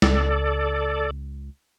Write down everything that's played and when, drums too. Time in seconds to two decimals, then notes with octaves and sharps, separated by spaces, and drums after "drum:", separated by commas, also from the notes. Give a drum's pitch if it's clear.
0.02 C#2 A4 D5, drum: snare